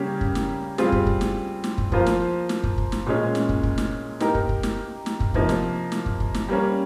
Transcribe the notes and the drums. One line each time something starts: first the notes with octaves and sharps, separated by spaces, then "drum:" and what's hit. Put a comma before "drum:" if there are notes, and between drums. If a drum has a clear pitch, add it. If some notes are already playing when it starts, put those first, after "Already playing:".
Already playing: C#3 G3 A#3 C#4 G4
drum: kick
drum: snare
G3 C4 F4 G#4, drum: snare
drum: kick
drum: kick
drum: snare
drum: snare
drum: kick
F3 A#3 F4 C5, drum: kick
drum: snare
drum: snare
drum: kick
drum: kick
drum: snare
A#2 G#3 C#4
drum: snare
drum: kick
drum: kick
drum: snare
A#3 D#4 G4 A#4, drum: snare
drum: kick
drum: kick
drum: snare
drum: snare
drum: kick
C3 F3 A#3 D#4, drum: kick
drum: snare
drum: snare
drum: kick
drum: kick
drum: snare
G3 A#3 C#4